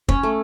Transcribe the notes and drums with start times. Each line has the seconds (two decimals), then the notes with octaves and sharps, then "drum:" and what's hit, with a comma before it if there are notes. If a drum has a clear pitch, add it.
0.09 C#4, drum: kick
0.23 A3